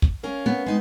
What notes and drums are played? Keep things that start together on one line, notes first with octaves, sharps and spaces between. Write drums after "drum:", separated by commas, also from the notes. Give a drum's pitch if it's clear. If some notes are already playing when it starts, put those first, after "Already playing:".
drum: kick
C#4 A#4 F5
B3
G#3 C4 D#4